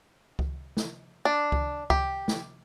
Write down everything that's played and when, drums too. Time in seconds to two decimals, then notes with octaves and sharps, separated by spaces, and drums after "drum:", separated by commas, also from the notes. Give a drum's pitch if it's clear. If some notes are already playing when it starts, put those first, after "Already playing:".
0.39 drum: kick C#2
0.77 drum: snare
1.25 D4
1.52 drum: kick C#2
1.90 G4, drum: kick C#2
2.28 drum: snare